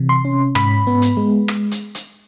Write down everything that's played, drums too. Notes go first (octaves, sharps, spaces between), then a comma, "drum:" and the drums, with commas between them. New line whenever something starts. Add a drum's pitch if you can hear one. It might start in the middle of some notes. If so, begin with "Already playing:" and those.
Already playing: C3 E3
C6
C#4
G#2 B5, drum: rim click
B3
drum: hi-hat
G#3
drum: rim click
drum: hi-hat
drum: hi-hat